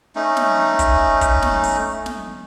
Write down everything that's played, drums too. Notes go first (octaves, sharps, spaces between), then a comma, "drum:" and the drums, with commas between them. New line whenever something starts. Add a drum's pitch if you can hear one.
A3 C#4 D#4
drum: snare
drum: kick, hi-hat
drum: kick, hi-hat
drum: snare
drum: open hi-hat
drum: snare